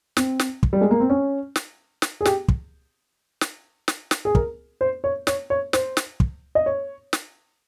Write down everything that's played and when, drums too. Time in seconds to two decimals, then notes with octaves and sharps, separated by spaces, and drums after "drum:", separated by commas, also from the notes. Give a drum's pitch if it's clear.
0.17 C4, drum: snare
0.39 drum: snare
0.63 drum: kick
0.73 G3
0.81 G#3
0.91 A#3
1.00 C4
1.10 C#4
1.56 drum: snare
2.02 drum: snare
2.21 G#4
2.25 G4, drum: snare
2.48 drum: kick
3.41 drum: snare
3.88 drum: snare
4.11 drum: snare
4.25 G#4
4.35 A#4, drum: kick
4.81 C5
5.04 C#5
5.27 C#5, drum: snare
5.50 C#5
5.73 C5, drum: snare
5.97 drum: snare
6.20 drum: kick
6.55 D#5
6.66 C#5
7.13 drum: snare